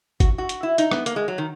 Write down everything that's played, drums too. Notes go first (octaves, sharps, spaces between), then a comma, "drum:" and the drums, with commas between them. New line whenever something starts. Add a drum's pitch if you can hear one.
F#4, drum: kick G1, hi-hat
F#4
drum: hi-hat
E4
D#4, drum: hi-hat
B3, drum: rim click
A#3, drum: hi-hat
G#3
F#3
D#3